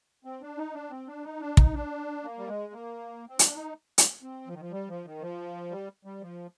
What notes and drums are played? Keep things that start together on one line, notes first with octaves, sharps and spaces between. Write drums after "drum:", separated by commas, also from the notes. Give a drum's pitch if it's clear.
C4
D4
D#4
D4
C4
D4
D#4
D4
D#4, drum: kick
D4
A#3
G3
G#3
A#3
C4
D4, drum: hi-hat
D#4
drum: hi-hat
C4
F3
D#3
F3
G3
F3
D#3
F3
G3
G3
F3